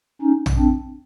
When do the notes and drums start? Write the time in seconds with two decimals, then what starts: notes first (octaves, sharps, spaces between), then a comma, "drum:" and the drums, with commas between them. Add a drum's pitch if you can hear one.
0.22 C#4 D#4
0.46 drum: tom A#1
0.57 C4 D4